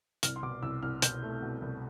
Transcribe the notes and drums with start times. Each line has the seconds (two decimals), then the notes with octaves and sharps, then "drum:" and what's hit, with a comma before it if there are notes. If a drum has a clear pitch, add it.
0.23 C2 F6, drum: hi-hat
0.36 C6
0.43 B2 D6
0.63 C2 E6
0.83 C2 F6
1.02 B2 G6, drum: hi-hat
1.23 A3
1.42 B2
1.62 C2